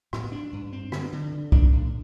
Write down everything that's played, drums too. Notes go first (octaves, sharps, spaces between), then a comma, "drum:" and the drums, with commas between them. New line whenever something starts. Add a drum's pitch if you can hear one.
A2, drum: rim click
D4
G2
C4
D3, drum: rim click
D3
D3
D4, drum: kick C2
A2